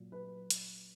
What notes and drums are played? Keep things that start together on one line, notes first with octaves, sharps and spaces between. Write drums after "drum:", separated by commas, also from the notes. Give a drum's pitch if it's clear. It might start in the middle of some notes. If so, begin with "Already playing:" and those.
Already playing: A#2 F#3
B4
drum: hi-hat